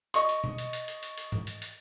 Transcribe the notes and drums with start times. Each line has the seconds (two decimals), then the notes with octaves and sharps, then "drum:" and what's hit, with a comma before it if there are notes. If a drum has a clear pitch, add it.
0.14 D#5 C#6, drum: hi-hat
0.29 drum: hi-hat
0.44 drum: tom B2
0.58 drum: hi-hat
0.73 drum: hi-hat
0.88 drum: hi-hat
1.03 drum: hi-hat
1.17 drum: hi-hat
1.32 drum: tom G#2
1.47 drum: hi-hat
1.62 drum: hi-hat